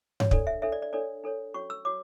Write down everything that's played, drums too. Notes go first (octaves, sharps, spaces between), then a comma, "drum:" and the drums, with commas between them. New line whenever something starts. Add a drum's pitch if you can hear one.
C#5, drum: tom G2
D4 A4 C#5 D5, drum: kick
E5
D4 A4 C#5 E5
D5
D5
D4 A4 C#5 D5
D4 A4 C#5
C#4 F#4 C#5 C#6
E6
F#4 C#5 D6